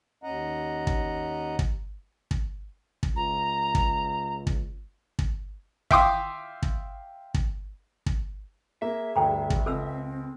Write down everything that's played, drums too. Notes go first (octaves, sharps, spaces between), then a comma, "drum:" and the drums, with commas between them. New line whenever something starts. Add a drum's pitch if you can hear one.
D#2 C#4 D#5 F#5 A#5
drum: kick
drum: kick
drum: kick
drum: kick
C#2 A#5
drum: kick
drum: kick
drum: kick
E5 F5 G5 C6 D6 D#6, drum: kick
drum: kick
drum: kick
drum: kick
A#3 G#4 E5
D2 G2 A4 G5 A#5
drum: kick
C#2 C4 A4 E6